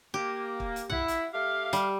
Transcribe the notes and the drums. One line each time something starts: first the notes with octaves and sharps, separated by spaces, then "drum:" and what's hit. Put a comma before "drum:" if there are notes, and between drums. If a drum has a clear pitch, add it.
A#3 G4
drum: kick
drum: hi-hat
E4 F#5, drum: tom
drum: hi-hat
A3 G4 F5
G3, drum: hi-hat